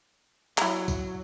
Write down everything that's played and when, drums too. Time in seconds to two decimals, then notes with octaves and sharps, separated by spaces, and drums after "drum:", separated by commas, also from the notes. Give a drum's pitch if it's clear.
0.58 F#3 E4 A#5, drum: clap
0.88 drum: kick, tambourine